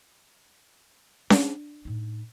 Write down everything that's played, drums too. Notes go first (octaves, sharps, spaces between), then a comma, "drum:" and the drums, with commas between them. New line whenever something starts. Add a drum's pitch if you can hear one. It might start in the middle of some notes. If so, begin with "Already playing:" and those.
D4, drum: snare C#4
A2 D#4